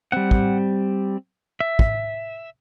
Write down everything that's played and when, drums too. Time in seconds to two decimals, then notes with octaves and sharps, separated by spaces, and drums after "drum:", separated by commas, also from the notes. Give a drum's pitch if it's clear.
0.12 G3 C4 F#5
0.31 drum: kick
1.60 E5
1.79 drum: kick